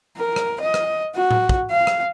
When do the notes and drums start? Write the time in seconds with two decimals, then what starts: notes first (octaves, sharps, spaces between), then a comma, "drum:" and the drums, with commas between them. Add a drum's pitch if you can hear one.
0.17 A#4
0.36 drum: rim click
0.61 D#5
0.74 drum: rim click
1.16 F#4
1.31 drum: tom A2
1.49 drum: kick
1.71 F5
1.87 drum: rim click